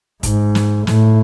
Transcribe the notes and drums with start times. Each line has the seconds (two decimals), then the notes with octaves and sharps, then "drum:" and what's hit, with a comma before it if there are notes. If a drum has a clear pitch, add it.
0.23 G#2, drum: kick, hi-hat
0.55 drum: snare
0.87 A2, drum: snare